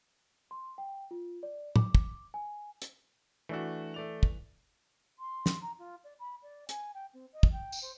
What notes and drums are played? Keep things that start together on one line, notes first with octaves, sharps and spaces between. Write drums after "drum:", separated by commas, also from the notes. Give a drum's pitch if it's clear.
C6
G5
F4
D5
D6, drum: tom A2
drum: kick
G#5
drum: hi-hat
E3 A3 D4 F#4
A3 D5 F7
drum: kick
C6
drum: snare
A#5
F4
D5
B5
D5
G#5, drum: hi-hat
G5
C4
D#5
drum: kick
G5
drum: tambourine
C5